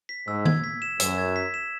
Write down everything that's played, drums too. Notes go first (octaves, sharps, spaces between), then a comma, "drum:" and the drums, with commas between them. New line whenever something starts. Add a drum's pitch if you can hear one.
B6
G#2 E6
G#6, drum: tom D#3
B6
E7
F#2 E6, drum: hi-hat
G#6
B6
E7